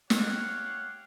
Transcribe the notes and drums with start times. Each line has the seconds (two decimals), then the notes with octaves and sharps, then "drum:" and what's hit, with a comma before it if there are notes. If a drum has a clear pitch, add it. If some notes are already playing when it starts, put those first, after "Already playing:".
0.10 G4 C#5 F5 F#5, drum: snare